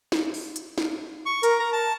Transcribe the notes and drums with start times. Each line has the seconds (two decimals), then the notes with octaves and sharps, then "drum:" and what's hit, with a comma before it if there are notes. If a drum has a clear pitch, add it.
0.12 drum: snare
0.34 drum: open hi-hat
0.56 drum: hi-hat
0.78 drum: snare
1.26 C#6
1.43 A#4, drum: hi-hat
1.59 A#5
1.72 A5